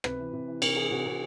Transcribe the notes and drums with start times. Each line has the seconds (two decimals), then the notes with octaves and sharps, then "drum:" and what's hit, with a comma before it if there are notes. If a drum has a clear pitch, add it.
0.04 C3 B4, drum: rim click
0.19 E3
0.33 C3
0.48 E3
0.62 C3 A#4, drum: cymbal
0.76 E3 G#4
0.91 C3 F#4
1.06 C3 G#4